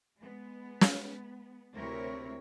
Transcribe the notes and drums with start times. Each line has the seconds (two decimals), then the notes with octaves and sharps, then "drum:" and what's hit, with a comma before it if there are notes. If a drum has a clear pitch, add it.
0.22 G#3 B3
0.81 drum: snare
1.75 D2 C3 C4 E4 A#4 C#5